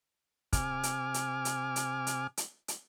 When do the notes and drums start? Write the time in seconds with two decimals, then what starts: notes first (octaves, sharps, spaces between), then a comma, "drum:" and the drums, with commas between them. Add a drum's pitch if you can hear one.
0.53 C3 G#5 D6 F6, drum: kick, hi-hat
0.83 drum: hi-hat
1.14 drum: hi-hat
1.45 drum: hi-hat
1.76 drum: hi-hat
2.07 drum: hi-hat
2.37 drum: hi-hat
2.68 drum: hi-hat